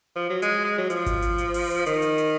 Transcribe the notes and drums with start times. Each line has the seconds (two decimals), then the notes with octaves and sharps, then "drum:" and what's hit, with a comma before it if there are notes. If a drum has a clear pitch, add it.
0.16 F3
0.30 F#3
0.42 G#3, drum: hi-hat
0.64 G#3
0.78 F#3
0.90 F3, drum: hi-hat
1.06 drum: kick G#1, hi-hat
1.22 drum: hi-hat
1.38 drum: hi-hat
1.54 drum: open hi-hat
1.70 drum: hi-hat
1.86 D#3, drum: hi-hat
2.02 drum: hi-hat
2.18 drum: hi-hat